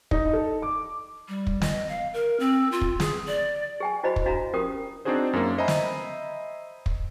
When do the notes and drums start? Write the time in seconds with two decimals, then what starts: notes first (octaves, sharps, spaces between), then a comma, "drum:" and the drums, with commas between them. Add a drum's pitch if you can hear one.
0.11 D#4, drum: kick
0.33 A4
0.62 D6
1.29 G3
1.47 drum: kick
1.62 D#5, drum: snare
1.89 F5
2.14 A#4
2.40 C4
2.72 F4
2.81 drum: kick
3.00 G#4, drum: snare
3.27 D5
3.80 G#4 G5 G#5
4.03 E4 F#4 C5 D#5 G#5 B5
4.16 drum: kick
4.26 D4 F#4 D#5 F5 G#5 A#5
4.54 C#4 F4 G4 A#4 G5 D#6
5.05 C4 D4 D#4 F#4 G#4 C5
5.33 F#2 A#3
5.58 C5 D#5 E5 G#5 A#5 B5
5.68 drum: snare
6.86 drum: kick